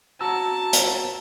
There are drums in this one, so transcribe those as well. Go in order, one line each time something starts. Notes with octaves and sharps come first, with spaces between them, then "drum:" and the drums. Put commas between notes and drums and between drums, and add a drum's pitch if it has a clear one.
F#4 A5 A#5 E6
drum: hi-hat